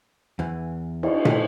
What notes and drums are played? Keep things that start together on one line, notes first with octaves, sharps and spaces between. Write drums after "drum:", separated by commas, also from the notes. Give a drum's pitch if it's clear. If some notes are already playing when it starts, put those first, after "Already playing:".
E2 E3
E4 D#5, drum: cymbal
A3, drum: tom